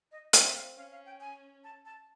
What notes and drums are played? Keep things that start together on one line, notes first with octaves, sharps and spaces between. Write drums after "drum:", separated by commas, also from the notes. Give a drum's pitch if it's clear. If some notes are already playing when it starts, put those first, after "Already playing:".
D#5
C4 E5, drum: hi-hat
E5
F5
C#4 F5
F5
G5
G#5
A5
A5